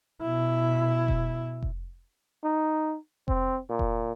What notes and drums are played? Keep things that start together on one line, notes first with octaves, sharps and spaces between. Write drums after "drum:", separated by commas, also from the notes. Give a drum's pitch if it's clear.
B2 E4
drum: kick F1
drum: kick F1
D#4
C4, drum: kick F1
A#2
drum: kick F1